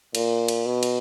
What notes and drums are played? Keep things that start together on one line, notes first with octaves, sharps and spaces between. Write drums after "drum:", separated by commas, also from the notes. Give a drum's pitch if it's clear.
A#2, drum: cymbal
drum: cymbal
B2
drum: cymbal